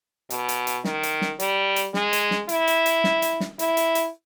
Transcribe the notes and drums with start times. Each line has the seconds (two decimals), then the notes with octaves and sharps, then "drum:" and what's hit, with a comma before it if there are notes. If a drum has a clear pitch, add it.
0.30 B2, drum: hi-hat
0.49 drum: hi-hat
0.67 drum: hi-hat
0.85 D#3, drum: snare
1.03 drum: hi-hat
1.22 drum: snare
1.40 G3, drum: hi-hat
1.76 drum: hi-hat
1.94 G#3, drum: snare
2.13 drum: hi-hat
2.31 drum: snare
2.49 E4, drum: hi-hat
2.67 drum: hi-hat
2.86 drum: hi-hat
3.04 drum: snare
3.22 drum: hi-hat
3.40 drum: snare
3.59 E4, drum: hi-hat
3.77 drum: hi-hat
3.95 drum: hi-hat